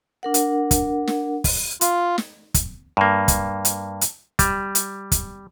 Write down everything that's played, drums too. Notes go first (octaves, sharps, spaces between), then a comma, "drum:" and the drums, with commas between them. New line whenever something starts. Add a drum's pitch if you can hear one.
D4 A#4 F#5
drum: hi-hat
drum: kick, hi-hat
drum: snare
drum: kick, open hi-hat
F4, drum: hi-hat
drum: snare
drum: kick, hi-hat
G2 A#3
drum: kick, hi-hat
drum: hi-hat
drum: hi-hat
G3, drum: kick, hi-hat
drum: hi-hat
drum: kick, hi-hat